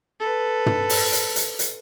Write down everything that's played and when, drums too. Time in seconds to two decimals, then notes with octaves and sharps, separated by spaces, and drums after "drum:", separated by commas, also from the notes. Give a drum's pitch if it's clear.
0.20 A4 B4
0.66 drum: tom
0.89 drum: open hi-hat
1.13 drum: hi-hat
1.36 drum: hi-hat
1.59 drum: hi-hat